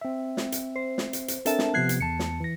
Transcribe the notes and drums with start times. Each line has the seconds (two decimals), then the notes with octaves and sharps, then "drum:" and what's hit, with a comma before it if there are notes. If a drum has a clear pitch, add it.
0.01 C4 E5
0.37 drum: snare
0.52 drum: hi-hat
0.76 C5
0.98 drum: snare
1.13 drum: hi-hat
1.28 drum: hi-hat
1.46 C4 D4 A4 A#4 E5 A5, drum: hi-hat
1.59 drum: snare
1.74 C3 F3 B3 F#6 G#6 C7
1.89 drum: hi-hat
2.00 E2 A5 C#7
2.19 drum: snare
2.40 E3 A#6